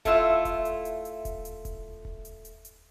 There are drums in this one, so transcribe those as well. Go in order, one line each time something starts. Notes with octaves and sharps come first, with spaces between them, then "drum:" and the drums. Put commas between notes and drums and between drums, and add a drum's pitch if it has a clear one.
A3 E4 F4 E5, drum: kick D#1, hi-hat
drum: kick D#1, hi-hat
drum: hi-hat
drum: hi-hat
drum: hi-hat
drum: kick D#1, hi-hat
drum: hi-hat
drum: kick D#1, hi-hat
drum: kick D#1
drum: hi-hat
drum: hi-hat
drum: hi-hat